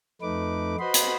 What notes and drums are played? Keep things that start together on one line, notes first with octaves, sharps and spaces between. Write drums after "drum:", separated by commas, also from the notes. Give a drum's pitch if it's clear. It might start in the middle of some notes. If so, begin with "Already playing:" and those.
F2 A3 D#4 B4 D6
F#4 B4 C5 D#5 B5 C6
drum: hi-hat